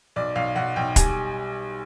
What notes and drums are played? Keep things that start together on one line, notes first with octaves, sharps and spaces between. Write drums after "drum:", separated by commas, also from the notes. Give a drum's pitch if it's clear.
B1 D5
B1 F5
B1 F#5
B1 G5
G3 G#5, drum: kick, hi-hat